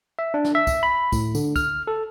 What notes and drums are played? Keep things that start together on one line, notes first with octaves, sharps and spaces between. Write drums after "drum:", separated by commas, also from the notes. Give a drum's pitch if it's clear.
E5
D4
drum: snare
E5
drum: kick, tambourine
B5
A2, drum: kick, tambourine
D3, drum: tambourine
F6, drum: kick, tambourine
A4